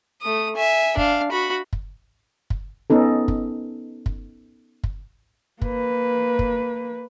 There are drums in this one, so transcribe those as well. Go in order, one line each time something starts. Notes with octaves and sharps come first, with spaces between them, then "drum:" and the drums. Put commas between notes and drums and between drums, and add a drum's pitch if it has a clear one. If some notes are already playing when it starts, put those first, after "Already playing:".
A3 D#6
E5 G#5
D4 F5, drum: kick
F#4 B5
drum: kick
drum: kick
B3 C#4 D#4 A4
drum: kick
drum: kick
drum: kick
A#3 B4, drum: kick
drum: kick